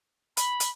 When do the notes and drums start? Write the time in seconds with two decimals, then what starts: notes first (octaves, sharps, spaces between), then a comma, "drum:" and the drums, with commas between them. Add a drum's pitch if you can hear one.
0.37 B5, drum: hi-hat
0.60 drum: hi-hat